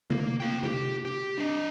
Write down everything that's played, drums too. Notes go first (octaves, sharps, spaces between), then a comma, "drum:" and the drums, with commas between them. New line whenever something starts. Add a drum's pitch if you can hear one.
A#3, drum: tom C3
F4 G5
G4, drum: tom C3
G4
D4 D#5